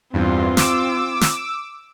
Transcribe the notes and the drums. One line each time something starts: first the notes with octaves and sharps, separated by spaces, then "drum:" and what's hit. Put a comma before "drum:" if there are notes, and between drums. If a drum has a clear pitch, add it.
E2 G2 C4 F4
D6 E6, drum: snare
drum: snare